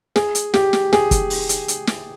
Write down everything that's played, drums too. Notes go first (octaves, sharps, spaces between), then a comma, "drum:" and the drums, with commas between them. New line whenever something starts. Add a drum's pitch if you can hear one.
G#4, drum: snare
drum: hi-hat
G4, drum: snare
drum: snare
G#4, drum: snare
drum: kick, hi-hat
drum: open hi-hat
drum: hi-hat
drum: hi-hat
drum: snare